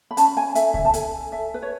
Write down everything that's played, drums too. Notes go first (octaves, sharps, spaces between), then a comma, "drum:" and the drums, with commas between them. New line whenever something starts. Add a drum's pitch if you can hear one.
B5
C#4 A5, drum: hi-hat
G#5
A4 E5, drum: hi-hat
E5, drum: kick C#2
A5
A4 G#5, drum: hi-hat
A4 E5
B4
C#5